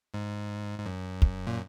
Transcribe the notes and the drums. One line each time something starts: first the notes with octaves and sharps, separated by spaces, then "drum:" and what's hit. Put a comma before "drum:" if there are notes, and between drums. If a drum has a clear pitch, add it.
G#2
G#2
F#2
drum: kick
A#2